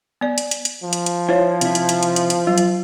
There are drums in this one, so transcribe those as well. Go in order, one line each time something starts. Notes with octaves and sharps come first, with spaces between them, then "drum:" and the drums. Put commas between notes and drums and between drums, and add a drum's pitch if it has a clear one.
B3 D5
drum: hi-hat
drum: hi-hat
drum: hi-hat
F3
drum: hi-hat
drum: hi-hat
E4 F4 C5 C#5
C3 E4, drum: hi-hat
drum: hi-hat
drum: hi-hat
drum: hi-hat
drum: hi-hat
drum: hi-hat
F#3 F4
drum: hi-hat